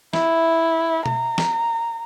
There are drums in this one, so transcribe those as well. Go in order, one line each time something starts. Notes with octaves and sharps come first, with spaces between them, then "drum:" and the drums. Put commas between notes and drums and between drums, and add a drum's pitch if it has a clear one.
E4, drum: snare
A#5, drum: tom B2
drum: snare